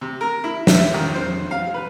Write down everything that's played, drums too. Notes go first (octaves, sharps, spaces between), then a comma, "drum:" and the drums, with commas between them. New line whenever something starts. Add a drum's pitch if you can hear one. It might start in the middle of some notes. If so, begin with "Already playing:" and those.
C3
A#4
E4
E5, drum: snare
D#3
C5
F5
B4